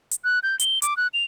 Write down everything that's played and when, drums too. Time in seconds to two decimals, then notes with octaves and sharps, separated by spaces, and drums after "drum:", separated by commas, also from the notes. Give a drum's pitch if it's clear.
0.11 drum: hi-hat
0.24 F#6
0.43 G6
0.60 G7, drum: hi-hat
0.82 D6, drum: hi-hat
0.97 F#6
1.14 F7